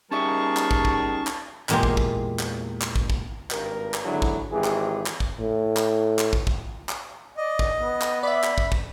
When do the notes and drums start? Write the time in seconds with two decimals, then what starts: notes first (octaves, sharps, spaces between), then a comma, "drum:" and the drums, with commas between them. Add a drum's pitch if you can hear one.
0.11 G3 C#4 D#4 G#4 A#4 E5 A5 C#6
0.57 drum: clap
0.71 drum: kick
0.85 drum: kick
1.27 drum: clap
1.69 E2 A#2 G#3 A#3 G4, drum: clap
1.83 drum: kick
1.97 drum: kick
2.39 drum: clap
2.81 drum: clap
2.96 drum: kick
3.10 drum: kick
3.51 G#1 G2 A#4, drum: clap
3.94 drum: clap
4.05 G#1 D3 F#3 D4 E4 G#4
4.22 drum: kick
4.52 G#1 E3 G4 G#4
4.64 drum: clap
5.06 drum: clap
5.20 drum: kick
5.40 A2
5.77 drum: clap
6.19 drum: clap
6.33 drum: kick
6.47 drum: kick
6.89 drum: clap
7.37 D5 D#5
7.59 drum: kick
7.80 B3
8.01 drum: clap
8.23 D5 E5 B5
8.44 drum: clap
8.58 drum: kick
8.72 drum: kick